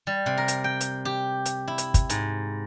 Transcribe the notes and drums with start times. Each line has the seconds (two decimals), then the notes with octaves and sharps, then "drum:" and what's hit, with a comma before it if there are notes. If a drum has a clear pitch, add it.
0.07 G3
0.26 C3
0.37 A#4
0.48 drum: hi-hat
0.64 G5
0.80 drum: hi-hat
1.05 G4
1.45 drum: hi-hat
1.68 E4
1.78 drum: hi-hat
1.94 drum: kick, hi-hat
2.10 G#2, drum: hi-hat